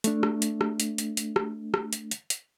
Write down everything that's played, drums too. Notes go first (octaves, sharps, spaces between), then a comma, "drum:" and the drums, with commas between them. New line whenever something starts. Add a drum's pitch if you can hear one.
A3 D4, drum: hi-hat
drum: rim click
drum: hi-hat
drum: rim click
drum: hi-hat
drum: hi-hat
drum: hi-hat
drum: rim click
drum: rim click
drum: hi-hat
drum: hi-hat
drum: hi-hat